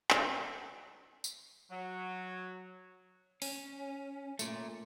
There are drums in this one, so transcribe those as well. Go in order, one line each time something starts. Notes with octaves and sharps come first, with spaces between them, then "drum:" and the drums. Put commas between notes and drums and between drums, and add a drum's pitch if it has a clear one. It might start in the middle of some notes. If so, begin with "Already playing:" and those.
drum: clap
drum: tambourine
F#3
C#4, drum: open hi-hat
A#2 A3, drum: tambourine